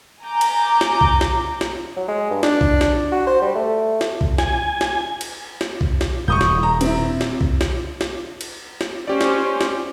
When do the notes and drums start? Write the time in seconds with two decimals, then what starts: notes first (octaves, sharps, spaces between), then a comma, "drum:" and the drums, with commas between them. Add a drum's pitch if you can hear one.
0.23 G#5 A#5 D6 G6
0.41 drum: cymbal
0.81 drum: snare
1.01 drum: kick B1
1.21 drum: snare
1.61 drum: snare
1.97 F#3
2.08 G#3
2.30 G2
2.43 D4, drum: snare
2.61 drum: kick B1
2.81 drum: snare
3.12 F#4
3.27 C5
3.42 G3
3.55 A3
4.01 drum: snare
4.21 drum: kick B1
4.38 G#5, drum: snare
4.81 drum: snare
5.21 drum: cymbal
5.61 drum: snare
5.81 drum: kick B1
6.01 drum: snare
6.28 D#1 G3 C#6 D#6 G6
6.41 drum: snare
6.63 A#5
6.81 C4 E4, drum: cymbal
7.21 drum: snare
7.41 drum: kick B1
7.61 drum: snare
8.01 drum: snare
8.41 drum: cymbal
8.81 drum: snare
9.08 C#4 G4 C5 D5
9.21 drum: snare
9.61 drum: snare